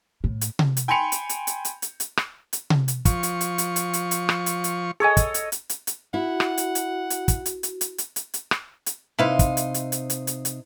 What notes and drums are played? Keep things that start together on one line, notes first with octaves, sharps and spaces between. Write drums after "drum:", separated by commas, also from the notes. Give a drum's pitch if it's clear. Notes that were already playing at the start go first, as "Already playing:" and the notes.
A2
drum: hi-hat
drum: tom C3
drum: hi-hat
G5 G#5 B5 C6 C#7 F7
drum: hi-hat
drum: hi-hat
drum: hi-hat
drum: hi-hat
drum: hi-hat
drum: hi-hat
drum: rim click
drum: hi-hat
drum: tom C3
drum: hi-hat
F3 C#6, drum: kick, hi-hat
drum: hi-hat
drum: hi-hat
drum: hi-hat
drum: hi-hat
drum: hi-hat
drum: hi-hat
drum: rim click
drum: hi-hat
drum: hi-hat
G#4 A4 C#5 D#5 G#5
drum: kick, hi-hat
drum: hi-hat
drum: hi-hat
drum: hi-hat
drum: hi-hat
E4 F#4 F#5
drum: rim click
drum: hi-hat
drum: hi-hat
drum: hi-hat
drum: kick, hi-hat
drum: hi-hat
drum: hi-hat
drum: hi-hat
drum: hi-hat
drum: hi-hat
drum: hi-hat
drum: rim click
drum: hi-hat
C3 D#4 E4 B4 C5 F5
drum: kick, hi-hat
drum: hi-hat
drum: hi-hat
drum: hi-hat
drum: hi-hat
drum: hi-hat
drum: hi-hat